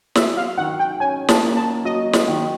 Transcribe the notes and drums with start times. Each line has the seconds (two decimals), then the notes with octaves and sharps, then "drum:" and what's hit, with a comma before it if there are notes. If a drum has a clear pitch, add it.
0.15 F#3 E5, drum: snare
0.37 F5
0.58 D#3 F#5
0.79 G5
1.00 C#4 G#5
1.29 A5, drum: snare
1.43 A#3
1.56 A5
1.85 F#3 D#5
2.13 drum: snare
2.28 D#3